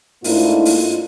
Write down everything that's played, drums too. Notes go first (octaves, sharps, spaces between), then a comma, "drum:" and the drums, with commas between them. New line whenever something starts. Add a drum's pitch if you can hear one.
G#2 A3 A#3 D4 E4 F4, drum: open hi-hat
drum: open hi-hat